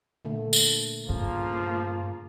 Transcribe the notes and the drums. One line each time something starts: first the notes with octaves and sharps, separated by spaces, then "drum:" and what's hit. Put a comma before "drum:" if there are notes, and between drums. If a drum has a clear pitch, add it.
A#2 D3 A3
drum: tambourine
G2 C#3 F3 A#3 F4